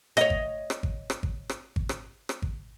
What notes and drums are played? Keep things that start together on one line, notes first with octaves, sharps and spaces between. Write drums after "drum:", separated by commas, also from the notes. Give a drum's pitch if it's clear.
C#5 D#5, drum: rim click
drum: kick G#1
drum: rim click
drum: kick G#1
drum: rim click
drum: kick G#1
drum: rim click
drum: kick G#1
drum: rim click
drum: rim click
drum: kick G#1